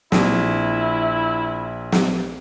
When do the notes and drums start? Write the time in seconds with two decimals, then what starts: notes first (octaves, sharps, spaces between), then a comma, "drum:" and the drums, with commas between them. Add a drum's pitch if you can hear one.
0.12 A#1 E4, drum: snare
1.92 drum: snare